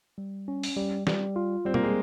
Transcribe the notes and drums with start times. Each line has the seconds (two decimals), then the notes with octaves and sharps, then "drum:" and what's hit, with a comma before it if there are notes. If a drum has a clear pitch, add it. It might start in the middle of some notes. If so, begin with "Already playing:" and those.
0.18 G3
0.48 C#4
0.63 drum: open hi-hat
0.76 G3
1.07 G3, drum: snare
1.36 F4
1.65 G3 C4
1.74 A#3, drum: tom B2
1.83 G#3